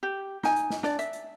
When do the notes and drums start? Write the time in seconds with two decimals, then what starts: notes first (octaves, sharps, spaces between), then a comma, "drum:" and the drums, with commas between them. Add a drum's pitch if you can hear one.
0.03 G4
0.43 D#4 G#5, drum: snare
0.56 drum: hi-hat
0.70 drum: snare
0.83 D4 D5, drum: snare
0.99 E5, drum: hi-hat
1.13 drum: hi-hat